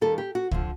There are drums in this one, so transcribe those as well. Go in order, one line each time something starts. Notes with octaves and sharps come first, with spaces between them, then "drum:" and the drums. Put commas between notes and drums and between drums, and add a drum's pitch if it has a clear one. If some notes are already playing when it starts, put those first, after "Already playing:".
D#2 D#3 G3 A4
G4
F#4
F2 D3 F3, drum: kick